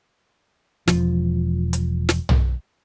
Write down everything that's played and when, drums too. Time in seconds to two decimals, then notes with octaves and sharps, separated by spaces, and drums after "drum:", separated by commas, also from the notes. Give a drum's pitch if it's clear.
0.88 E1 F3, drum: snare
1.73 drum: hi-hat
2.09 drum: snare
2.29 drum: tom